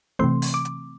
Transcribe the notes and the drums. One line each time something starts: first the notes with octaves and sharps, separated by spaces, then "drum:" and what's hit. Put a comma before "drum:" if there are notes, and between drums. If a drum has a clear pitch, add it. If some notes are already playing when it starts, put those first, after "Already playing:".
C3 E3 A3 C4 C6
drum: open hi-hat
D6
drum: hi-hat